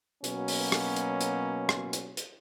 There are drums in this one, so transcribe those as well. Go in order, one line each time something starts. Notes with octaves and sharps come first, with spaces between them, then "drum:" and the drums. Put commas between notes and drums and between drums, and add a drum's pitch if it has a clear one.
B2 F#3 A#3 C#4, drum: hi-hat
drum: open hi-hat
drum: rim click
drum: hi-hat
drum: hi-hat
drum: rim click
drum: hi-hat
drum: hi-hat